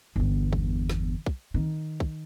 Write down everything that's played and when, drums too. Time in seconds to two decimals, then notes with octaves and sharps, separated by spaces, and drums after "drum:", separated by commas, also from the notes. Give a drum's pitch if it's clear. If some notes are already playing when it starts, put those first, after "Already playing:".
0.16 G1 E2
0.53 drum: kick
0.90 drum: snare
1.26 drum: kick
1.54 D#3
2.00 drum: kick